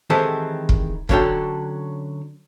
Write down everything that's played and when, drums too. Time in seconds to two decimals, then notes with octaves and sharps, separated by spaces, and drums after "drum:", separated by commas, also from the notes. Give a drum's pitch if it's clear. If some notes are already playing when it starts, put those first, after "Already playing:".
0.10 D#3 E3 G#3 C4 G4 A4
0.69 drum: kick
1.09 D3 F#3 C#4 D4 A4 G5, drum: kick